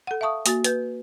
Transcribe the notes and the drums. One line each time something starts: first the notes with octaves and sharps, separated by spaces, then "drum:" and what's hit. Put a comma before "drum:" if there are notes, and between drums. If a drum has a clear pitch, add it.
A4 F#5
E5 F5 A5 C#6 D#6
A#3 F#4 G#5 A6, drum: hi-hat
B4 G6, drum: hi-hat